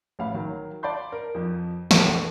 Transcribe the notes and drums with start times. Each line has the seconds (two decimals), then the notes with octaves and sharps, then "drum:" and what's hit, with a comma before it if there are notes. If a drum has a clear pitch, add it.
0.19 A1 F5 B5
0.34 D#3 F#3
0.83 D5 F5 A5 B5 C6 G6
1.12 A#4
1.35 F2 F3
1.91 F1 A#1 A#3 A4 C#6, drum: snare